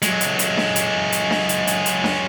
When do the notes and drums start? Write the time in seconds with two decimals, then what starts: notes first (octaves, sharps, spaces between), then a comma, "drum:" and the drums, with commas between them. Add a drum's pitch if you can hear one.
0.02 F#3 G#3, drum: hi-hat
0.21 drum: hi-hat
0.39 drum: hi-hat
0.57 drum: snare D4
0.76 drum: hi-hat
1.12 drum: hi-hat
1.31 drum: snare D4
1.49 drum: hi-hat
1.67 drum: hi-hat
1.86 drum: hi-hat
2.04 drum: snare D4